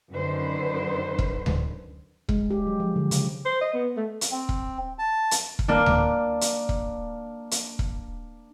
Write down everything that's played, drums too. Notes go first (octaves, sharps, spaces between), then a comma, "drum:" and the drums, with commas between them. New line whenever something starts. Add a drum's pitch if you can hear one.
F#2 D3 D#3 B4 C5
drum: kick E1
drum: tom D2
G#3, drum: kick E1
G4
F#3
F3
D3
C#3, drum: hi-hat
C5
D#5
B3
A3
drum: hi-hat
C4
drum: kick E1
A5
drum: hi-hat
drum: kick E1
A#3 D4
drum: tom D2
drum: hi-hat
drum: kick E1
drum: hi-hat
drum: kick E1